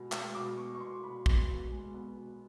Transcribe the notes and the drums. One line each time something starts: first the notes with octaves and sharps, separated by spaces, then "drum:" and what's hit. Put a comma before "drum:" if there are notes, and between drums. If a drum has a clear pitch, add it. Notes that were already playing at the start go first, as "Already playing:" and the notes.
Already playing: B2 G#3
G#3, drum: clap
B2 D6
B3 C#6
C#6
B2 C6
B2 B5
B3, drum: kick
B2
G#3
B3
B2